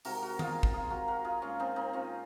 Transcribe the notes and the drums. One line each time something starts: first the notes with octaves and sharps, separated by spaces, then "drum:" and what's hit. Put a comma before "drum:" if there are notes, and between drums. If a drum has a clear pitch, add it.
C3 D#3 G#3 F#4 A#4, drum: open hi-hat
F#4 A#4
F4 G#4, drum: tom D#3
drum: kick
F4 G#4
F#4 A#4
F#4 A#4
F4 G#4
A#2 G#3 C#4 F4
C4 D#4
C4 D#4
C#4 F4